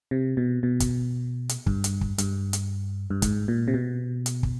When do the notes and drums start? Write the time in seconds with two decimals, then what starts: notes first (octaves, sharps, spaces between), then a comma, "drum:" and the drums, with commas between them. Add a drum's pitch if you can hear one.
0.11 C3
0.37 B2
0.63 B2
0.80 drum: kick, hi-hat
1.49 drum: hi-hat
1.66 G2, drum: kick
1.84 drum: hi-hat
2.01 drum: kick
2.18 G2, drum: hi-hat
2.53 drum: hi-hat
3.10 G2
3.22 G#2, drum: kick, hi-hat
3.48 A#2
3.68 C3
3.74 B2
4.26 drum: hi-hat
4.43 drum: kick